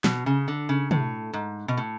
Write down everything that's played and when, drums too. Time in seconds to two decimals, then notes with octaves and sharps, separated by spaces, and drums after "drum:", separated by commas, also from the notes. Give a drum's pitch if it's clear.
0.04 B2, drum: snare
0.26 C#3
0.48 D3
0.69 C#3
0.91 A2, drum: tom
1.33 G#2
1.68 B2
1.77 A2